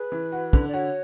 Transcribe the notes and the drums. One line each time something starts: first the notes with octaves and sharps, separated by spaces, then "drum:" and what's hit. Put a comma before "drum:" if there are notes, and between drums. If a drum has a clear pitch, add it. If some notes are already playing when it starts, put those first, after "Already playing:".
Already playing: G#4 B4
E3
F#4
D3, drum: kick
D5
F#4 C#5